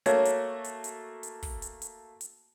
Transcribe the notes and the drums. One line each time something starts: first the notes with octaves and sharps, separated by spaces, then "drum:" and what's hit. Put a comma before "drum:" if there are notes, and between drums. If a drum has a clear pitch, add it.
A3 A#3 F#4 C#5, drum: hi-hat
drum: hi-hat
drum: hi-hat
drum: hi-hat
drum: hi-hat
drum: kick, open hi-hat
drum: hi-hat
drum: hi-hat
drum: hi-hat